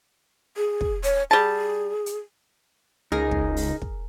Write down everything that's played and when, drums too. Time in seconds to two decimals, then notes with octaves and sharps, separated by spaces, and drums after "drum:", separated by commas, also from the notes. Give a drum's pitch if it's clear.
0.57 G#4
0.81 drum: kick
1.04 C#5, drum: hi-hat
1.31 G3 G#4 A5
2.06 drum: hi-hat
3.12 C#2 D#4 G#4 A#4
3.31 drum: kick
3.57 drum: open hi-hat
3.82 drum: kick